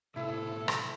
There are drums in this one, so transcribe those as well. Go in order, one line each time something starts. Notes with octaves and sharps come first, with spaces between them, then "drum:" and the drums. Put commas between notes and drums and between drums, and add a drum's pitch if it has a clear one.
A2 C3 E4 A4
drum: rim click